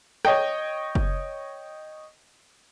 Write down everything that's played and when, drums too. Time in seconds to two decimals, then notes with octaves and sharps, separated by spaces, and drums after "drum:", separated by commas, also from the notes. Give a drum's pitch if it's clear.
0.25 C#5 D#5 G5, drum: rim click
0.95 drum: kick F#1